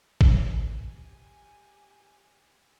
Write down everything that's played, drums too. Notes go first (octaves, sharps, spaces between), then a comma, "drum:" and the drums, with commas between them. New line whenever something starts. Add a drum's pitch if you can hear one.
G4 G#5, drum: kick